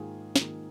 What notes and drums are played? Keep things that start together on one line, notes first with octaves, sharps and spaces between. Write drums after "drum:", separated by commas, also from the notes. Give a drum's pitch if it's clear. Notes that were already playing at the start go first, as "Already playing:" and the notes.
Already playing: G#2 D#3 A#3 F4 G#4
G#2 D#3 A#3 F4, drum: snare